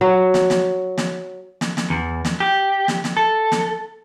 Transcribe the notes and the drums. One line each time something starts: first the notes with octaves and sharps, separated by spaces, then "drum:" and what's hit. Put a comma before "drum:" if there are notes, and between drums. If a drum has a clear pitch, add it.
F#3
drum: snare
drum: snare
drum: snare
drum: snare
drum: snare
E2
drum: snare
G4
drum: snare
drum: snare
A4
drum: snare